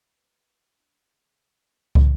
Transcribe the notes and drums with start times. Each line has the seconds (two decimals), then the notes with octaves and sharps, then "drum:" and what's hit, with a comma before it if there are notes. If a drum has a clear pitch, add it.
0.15 B4
0.73 D4
1.06 C#3
1.58 D#2
1.95 drum: kick